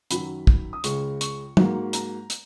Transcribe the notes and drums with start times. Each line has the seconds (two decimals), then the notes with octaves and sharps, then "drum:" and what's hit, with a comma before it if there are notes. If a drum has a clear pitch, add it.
0.11 F#2 D#3 F#3 B5, drum: hi-hat
0.47 drum: kick
0.73 D#6
0.84 C#2 C#3 G#3 C#6, drum: hi-hat
1.21 C#6, drum: hi-hat
1.57 G#2 F#3 A#3, drum: tom
1.93 A#5, drum: hi-hat
2.30 drum: hi-hat